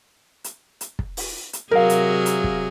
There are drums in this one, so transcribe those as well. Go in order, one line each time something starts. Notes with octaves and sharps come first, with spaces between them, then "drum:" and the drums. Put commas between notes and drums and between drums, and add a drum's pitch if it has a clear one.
drum: hi-hat
drum: hi-hat
drum: kick
drum: open hi-hat
drum: hi-hat
C3 F#3 G#4 A#4 F5
drum: hi-hat
drum: hi-hat
drum: kick